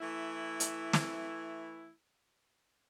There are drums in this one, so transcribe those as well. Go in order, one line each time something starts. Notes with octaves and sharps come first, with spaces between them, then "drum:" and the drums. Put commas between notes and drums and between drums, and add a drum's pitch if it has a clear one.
E3 A3 E4
drum: hi-hat
drum: snare